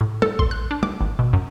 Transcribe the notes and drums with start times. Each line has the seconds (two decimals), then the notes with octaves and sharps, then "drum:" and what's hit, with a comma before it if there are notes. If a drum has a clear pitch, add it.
0.01 A2
0.22 A4, drum: tom
0.39 C6, drum: kick A1
0.51 F#6
0.71 D4
0.83 D6, drum: tom
1.01 G#1
1.19 B2
1.33 F#2